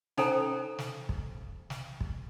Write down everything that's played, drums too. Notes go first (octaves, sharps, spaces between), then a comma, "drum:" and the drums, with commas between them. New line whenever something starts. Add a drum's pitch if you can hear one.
C#4 D#4 A4 C5 G5 A#5, drum: snare
drum: snare
drum: kick
drum: snare
drum: kick